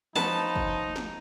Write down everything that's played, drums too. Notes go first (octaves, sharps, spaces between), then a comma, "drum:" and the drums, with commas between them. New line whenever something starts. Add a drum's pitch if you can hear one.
F3 F#3 C#4 D#4 B4 A5, drum: snare
drum: kick
drum: snare